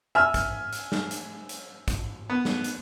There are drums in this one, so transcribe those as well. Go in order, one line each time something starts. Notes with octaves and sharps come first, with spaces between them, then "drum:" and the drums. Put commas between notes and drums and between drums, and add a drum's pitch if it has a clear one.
E5 G#5 F6
drum: kick, hi-hat
drum: hi-hat
drum: snare
drum: hi-hat
drum: hi-hat
drum: kick, hi-hat
B3
drum: snare
drum: hi-hat